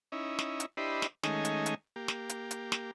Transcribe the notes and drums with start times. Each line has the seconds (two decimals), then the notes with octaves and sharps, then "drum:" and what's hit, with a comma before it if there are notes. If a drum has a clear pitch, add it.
0.12 C#4 D#4 E4
0.39 drum: snare
0.60 drum: hi-hat
0.77 D4 E4 G4 C5 D#5 B5
1.02 drum: snare
1.23 D#3 G#3 A3 C#4 D#4 G#5, drum: snare
1.45 drum: hi-hat
1.66 drum: hi-hat
1.96 A#3 G4
2.08 drum: snare
2.29 drum: hi-hat
2.51 drum: hi-hat
2.72 drum: snare